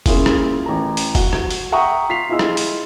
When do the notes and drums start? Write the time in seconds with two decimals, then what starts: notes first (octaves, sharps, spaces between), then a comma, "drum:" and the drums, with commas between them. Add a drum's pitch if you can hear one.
0.06 A#3 C#4 E4 F4 G#4, drum: kick F1, open hi-hat
0.26 drum: rim click
0.66 A1 A#5
0.97 drum: open hi-hat
1.15 F#4 F#5 G7, drum: kick F1, open hi-hat
1.33 drum: rim click
1.50 drum: open hi-hat
1.72 E5 F#5 G5 A#5 C#6 D#6
2.09 F4 B6 C7 F7
2.29 E4 F4 G#4 D#5 E6
2.39 drum: rim click
2.57 drum: open hi-hat